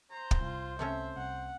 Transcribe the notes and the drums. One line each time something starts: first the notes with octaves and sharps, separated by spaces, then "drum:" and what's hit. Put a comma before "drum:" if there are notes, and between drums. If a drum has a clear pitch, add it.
C5 A#5
drum: kick
C2 F4
C3 A3 C#4 E5
C2 F#5